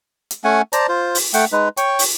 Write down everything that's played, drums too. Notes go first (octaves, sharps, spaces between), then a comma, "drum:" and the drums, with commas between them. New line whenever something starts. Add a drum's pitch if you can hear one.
drum: hi-hat
A3 C#4 F#5 G#5
C5 D5 A5 A#5, drum: hi-hat
F4 C5
drum: open hi-hat
A3 F#5 G5, drum: hi-hat
G#3 D#4 B4
C#5 G5 C#6, drum: hi-hat
drum: open hi-hat